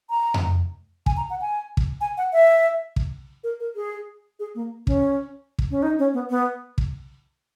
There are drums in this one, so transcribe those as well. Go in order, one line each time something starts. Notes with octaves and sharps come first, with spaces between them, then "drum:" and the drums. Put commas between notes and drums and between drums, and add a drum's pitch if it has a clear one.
A#5
drum: tom F2
G#5, drum: kick
A#5
F#5
G#5
drum: kick
G#5
F#5
E5
drum: kick
A#4
A#4
G#4
G#4
A#3
C#4, drum: kick
drum: kick
C#4
D#4
C#4
B3
B3
drum: kick